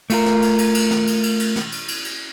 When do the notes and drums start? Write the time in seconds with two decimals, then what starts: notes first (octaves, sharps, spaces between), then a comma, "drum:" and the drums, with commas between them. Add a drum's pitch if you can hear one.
0.10 A3 F4 A#4, drum: cymbal
0.26 drum: snare
0.42 drum: cymbal
0.58 drum: cymbal
0.75 drum: cymbal
0.91 drum: snare
1.07 drum: cymbal
1.23 drum: cymbal
1.40 drum: cymbal
1.56 drum: snare
1.72 drum: cymbal
1.88 drum: cymbal
2.04 drum: cymbal